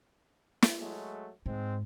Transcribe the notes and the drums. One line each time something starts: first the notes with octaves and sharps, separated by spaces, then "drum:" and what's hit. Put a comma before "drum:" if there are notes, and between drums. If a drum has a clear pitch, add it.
drum: snare
F#3 G#3 A3
G#2 G#3 C4